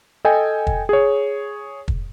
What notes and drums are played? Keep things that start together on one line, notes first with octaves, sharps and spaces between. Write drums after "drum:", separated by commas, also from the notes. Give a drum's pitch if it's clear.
A4 D#5 G5 G#5
drum: kick
G#4 C#5
drum: kick